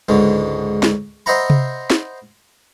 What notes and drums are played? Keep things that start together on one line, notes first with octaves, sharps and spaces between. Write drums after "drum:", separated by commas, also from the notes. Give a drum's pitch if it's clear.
C#2 G#2 D3 G#3
drum: snare
C5 D#5 E5 F#5 A#5 B5
drum: tom C3
drum: snare